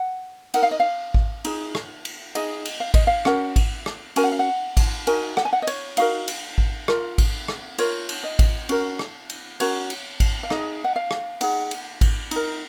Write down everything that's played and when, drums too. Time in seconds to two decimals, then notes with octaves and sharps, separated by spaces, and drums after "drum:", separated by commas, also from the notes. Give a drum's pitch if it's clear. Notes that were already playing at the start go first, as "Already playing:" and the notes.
Already playing: F#5
0.54 D#4 A#4 F#5, drum: cymbal
0.63 F5
0.71 D#5
0.80 F5
1.14 drum: kick G#1
1.45 D#4 G#4, drum: cymbal
1.75 drum: rim click
2.05 drum: cymbal
2.35 D#4 G#4 D#5, drum: cymbal
2.65 drum: cymbal
2.80 F5
2.94 D#5, drum: kick G#1, cymbal
3.07 F5
3.25 C#4 F#4 A#4 F#5, drum: rim click
3.56 drum: kick G#1, cymbal
3.86 drum: rim click
4.16 C#4 F#4 A#4 G#5, drum: cymbal
4.24 F#5
4.32 F5
4.39 F#5
4.77 drum: kick G#1, cymbal
5.07 D#4 F#4 A#4 G#5, drum: cymbal
5.37 F#5, drum: rim click
5.45 G#5
5.53 F#5
5.62 D#5
5.67 C#5, drum: cymbal
5.97 D#4 F#4 A#4 F5, drum: cymbal
6.28 drum: cymbal
6.58 drum: kick G#1
6.88 F4 A#4, drum: rim click
7.18 drum: kick G#1, cymbal
7.48 drum: rim click
7.78 F4 A#4 C#5, drum: cymbal
8.09 drum: cymbal
8.23 D#5
8.39 drum: kick G#1, cymbal
8.69 C#4 F#4 A#4, drum: cymbal
8.99 drum: rim click
9.30 drum: cymbal
9.60 C#4 F#4 A#4 C#5, drum: cymbal
9.90 drum: cymbal
10.20 drum: kick G#1, cymbal
10.43 F5
10.50 D#4 G#4 D#5, drum: rim click
10.84 F#5
10.96 F5
11.11 drum: rim click
11.41 D#4 G#4 F#5, drum: cymbal
11.71 drum: cymbal
12.01 drum: kick G#1, cymbal
12.31 D#4 A#4, drum: cymbal